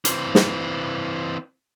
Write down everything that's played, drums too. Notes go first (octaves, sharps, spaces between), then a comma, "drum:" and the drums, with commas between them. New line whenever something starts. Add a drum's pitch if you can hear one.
E3 C4, drum: hi-hat
drum: snare